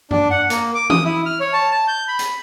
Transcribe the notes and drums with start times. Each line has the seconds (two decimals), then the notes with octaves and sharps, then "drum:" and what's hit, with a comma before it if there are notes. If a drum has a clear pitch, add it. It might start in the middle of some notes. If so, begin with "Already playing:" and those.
0.11 D4, drum: tom G2
0.30 F#5
0.50 A#3, drum: hi-hat
0.75 D6
0.90 D#6, drum: tom
1.05 E4
1.26 F6
1.40 C#5
1.53 A5
1.71 A5
1.88 G6
2.08 B5
2.19 drum: hi-hat